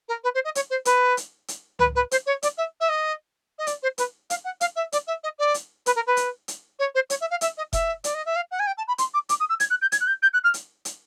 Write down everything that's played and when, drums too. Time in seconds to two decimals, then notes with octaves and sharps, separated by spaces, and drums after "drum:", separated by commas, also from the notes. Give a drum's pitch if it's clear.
0.08 A#4
0.24 B4
0.34 C5
0.45 D#5
0.55 C#5, drum: hi-hat
0.70 C5
0.85 B4, drum: hi-hat
1.17 drum: hi-hat
1.48 drum: hi-hat
1.79 B4, drum: tom C#2
1.95 B4
2.11 C5, drum: hi-hat
2.26 C#5
2.43 D5, drum: hi-hat
2.58 E5
2.80 E5
2.89 D#5
3.58 D#5
3.67 D5, drum: hi-hat
3.83 C5
3.98 B4, drum: hi-hat
4.30 F5, drum: hi-hat
4.44 F#5
4.61 F5, drum: hi-hat
4.76 E5
4.92 D5, drum: hi-hat
5.07 E5
5.23 D#5
5.39 D5
5.54 drum: hi-hat
5.86 B4, drum: hi-hat
5.96 A#4
6.07 B4
6.17 drum: hi-hat
6.48 drum: hi-hat
6.79 C#5
6.95 C5
7.10 C#5, drum: hi-hat
7.21 E5
7.31 F5
7.41 E5, drum: hi-hat
7.57 D#5
7.73 E5, drum: kick F1, hi-hat
8.04 D5, drum: hi-hat
8.14 D#5
8.26 E5
8.36 F5
8.51 F#5
8.59 G#5
8.67 G5
8.77 A5
8.88 B5
8.98 C6, drum: hi-hat
9.14 D6
9.29 D6, drum: hi-hat
9.40 D#6
9.49 E6
9.60 G#6, drum: hi-hat
9.70 F#6
9.82 G6
9.92 G#6, drum: hi-hat
10.01 F#6
10.07 G6
10.22 G6
10.33 F#6
10.44 F6
10.54 drum: hi-hat
10.85 drum: hi-hat